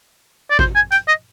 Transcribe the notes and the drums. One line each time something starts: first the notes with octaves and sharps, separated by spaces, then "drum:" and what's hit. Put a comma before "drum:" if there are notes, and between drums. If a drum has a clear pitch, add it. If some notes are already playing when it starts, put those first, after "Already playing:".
D5
C5, drum: kick G#1
G#5
G5, drum: hi-hat
D#5